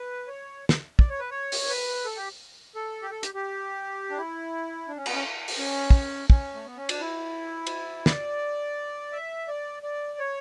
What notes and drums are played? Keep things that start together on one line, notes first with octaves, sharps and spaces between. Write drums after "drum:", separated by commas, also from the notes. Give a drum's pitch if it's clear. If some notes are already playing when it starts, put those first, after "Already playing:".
Already playing: B4
C#5
drum: snare
D5, drum: kick
C#5
B4
C#5
drum: open hi-hat
B4
A4
G4
A4
G4
A4
G4, drum: hi-hat
G4
D4
E4
D4
C#4
B3, drum: cymbal
C#4
drum: open hi-hat
C#4
drum: kick
C#4, drum: kick
A3
B3
C#4
D4, drum: cymbal
E4
drum: cymbal
D5, drum: snare
E5
D5
D5
C#5